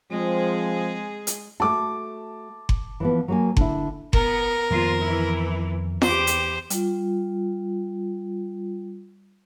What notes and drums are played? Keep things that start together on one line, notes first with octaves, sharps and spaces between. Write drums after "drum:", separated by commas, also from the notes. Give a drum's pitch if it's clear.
F3 G#3 C4 G#4
drum: hi-hat
A3 F#4 A5 D6
drum: kick F#1
E3 F3 B3
F#3 A#3 G#5
D3 E4, drum: kick F#1
B3 A#4, drum: kick F#1
F2 D#3 A#3 B3 F4 C5
E3 E4
E2 G4 C5, drum: snare
drum: hi-hat
G3 F4, drum: hi-hat